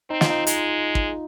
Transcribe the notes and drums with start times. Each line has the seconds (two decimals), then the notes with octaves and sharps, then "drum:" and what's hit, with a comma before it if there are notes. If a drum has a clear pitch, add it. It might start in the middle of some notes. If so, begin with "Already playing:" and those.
0.10 C4 D#4
0.21 F4, drum: snare
0.30 D#4
0.47 G#3, drum: hi-hat
0.95 drum: kick